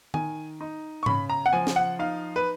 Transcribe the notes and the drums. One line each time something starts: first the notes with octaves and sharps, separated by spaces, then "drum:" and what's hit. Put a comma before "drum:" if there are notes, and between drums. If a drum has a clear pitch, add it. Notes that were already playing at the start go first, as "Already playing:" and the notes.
D#3 G#5, drum: tom D#3
D#4
C#6
C#3 B5, drum: tom G#2
A#5
F#5
F3 G#5
drum: snare
F#5
D#4 F5
B4